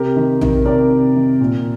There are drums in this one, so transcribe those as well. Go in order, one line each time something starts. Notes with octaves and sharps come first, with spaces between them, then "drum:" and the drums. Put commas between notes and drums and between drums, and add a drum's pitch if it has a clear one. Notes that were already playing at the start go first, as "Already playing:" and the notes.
Already playing: C3 G4 A#4
D#3
D#3, drum: tom A#1
C3 A#4 D5
C3
D#3
A#2